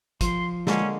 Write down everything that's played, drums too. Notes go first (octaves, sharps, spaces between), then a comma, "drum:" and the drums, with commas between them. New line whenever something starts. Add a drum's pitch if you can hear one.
F3 C6, drum: kick, hi-hat
D3 G#3 A#3 C#4, drum: snare